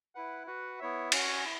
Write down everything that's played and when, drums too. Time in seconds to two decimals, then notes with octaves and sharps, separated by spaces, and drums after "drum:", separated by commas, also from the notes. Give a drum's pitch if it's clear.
0.15 E4 B4 F#5
0.47 F#4 B4 F#5
0.79 B3 E4 C#5 E5
1.12 C#4 F#4 C#5 G#5, drum: cymbal
1.44 E4